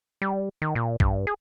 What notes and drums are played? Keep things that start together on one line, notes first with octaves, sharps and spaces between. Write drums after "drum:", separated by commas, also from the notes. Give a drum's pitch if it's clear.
G3
D#3
A#2
G2, drum: kick
G#4